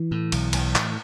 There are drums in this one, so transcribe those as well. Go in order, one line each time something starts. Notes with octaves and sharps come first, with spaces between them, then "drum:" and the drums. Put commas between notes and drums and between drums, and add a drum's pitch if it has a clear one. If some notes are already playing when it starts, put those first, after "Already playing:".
Already playing: E3
A2
B1, drum: cymbal
B1, drum: cymbal
A2, drum: clap